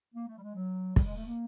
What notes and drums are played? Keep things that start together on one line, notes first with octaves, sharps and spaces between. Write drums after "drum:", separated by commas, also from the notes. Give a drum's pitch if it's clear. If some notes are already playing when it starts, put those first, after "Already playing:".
A#3
A3
G3
G#3
F#3
G3, drum: kick
G#3
A3
A#3